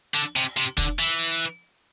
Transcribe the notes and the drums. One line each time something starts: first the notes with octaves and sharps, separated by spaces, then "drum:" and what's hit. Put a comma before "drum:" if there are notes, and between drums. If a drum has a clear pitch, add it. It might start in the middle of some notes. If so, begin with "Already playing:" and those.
D3
C3, drum: open hi-hat
C3
D3, drum: kick
E3
drum: hi-hat